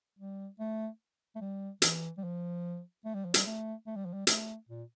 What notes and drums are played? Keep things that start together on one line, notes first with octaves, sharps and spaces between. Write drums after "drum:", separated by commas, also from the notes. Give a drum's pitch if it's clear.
G3
A3
A3
G3
E3, drum: hi-hat
G3
F3
A3
G3
F3
G3, drum: hi-hat
A3
A3
G3
F3
G3
A3, drum: hi-hat
A#2